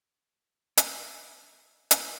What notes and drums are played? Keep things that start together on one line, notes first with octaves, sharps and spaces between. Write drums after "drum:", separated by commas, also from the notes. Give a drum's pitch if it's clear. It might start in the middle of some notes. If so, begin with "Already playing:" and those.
C#4 G5 G#5, drum: hi-hat
E5
E4 B4 F#5, drum: hi-hat